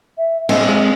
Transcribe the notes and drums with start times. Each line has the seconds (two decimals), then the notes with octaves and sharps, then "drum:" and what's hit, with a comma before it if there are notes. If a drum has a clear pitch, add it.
0.18 E5
0.49 C4 D#5 F5, drum: cymbal
0.69 G#3